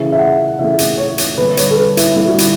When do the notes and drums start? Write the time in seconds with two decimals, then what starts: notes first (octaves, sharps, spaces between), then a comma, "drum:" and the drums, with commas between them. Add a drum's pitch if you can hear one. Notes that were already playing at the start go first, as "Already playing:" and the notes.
Already playing: C#3 E3 A3 E5
0.12 E5
0.19 F#5
0.59 C#3 E3 A3 E5
0.79 drum: hi-hat
0.98 C#5
1.18 drum: hi-hat
1.37 D3 G3 B4
1.57 C#5, drum: hi-hat
1.71 A4
1.77 B4
1.97 E4, drum: hi-hat
2.16 D3 G3 E4
2.27 F#4
2.38 E4, drum: hi-hat